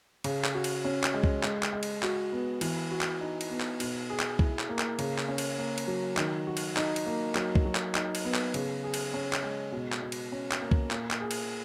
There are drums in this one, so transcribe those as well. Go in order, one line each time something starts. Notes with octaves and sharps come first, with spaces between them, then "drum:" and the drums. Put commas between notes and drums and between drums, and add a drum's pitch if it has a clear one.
C#3, drum: cymbal
drum: clap
F#4
drum: cymbal
C#4
drum: clap
G#3
drum: kick C2
G#3, drum: clap
drum: clap
G#3
drum: cymbal
F#4, drum: clap
B3
E3, drum: cymbal
F#4
drum: clap
D#4
drum: cymbal
B3
drum: clap
B2, drum: cymbal
G#4
drum: clap
E4, drum: kick C2
drum: clap
A#3
drum: clap
C#3, drum: cymbal
drum: clap
C#4
drum: cymbal
A#3
drum: cymbal
F#3
D#3, drum: clap
F#4
drum: cymbal
D#4, drum: clap
drum: cymbal
A#3
F#3, drum: clap
drum: kick C2
F#3
drum: clap
D#4, drum: clap
drum: cymbal
B3
drum: clap
C#3, drum: cymbal
G#4
drum: cymbal
C#4
drum: clap
G#3
B2
drum: clap
B2
drum: cymbal
C#4
drum: clap
A#3
drum: kick C2
A#2, drum: clap
drum: clap
G#4
drum: cymbal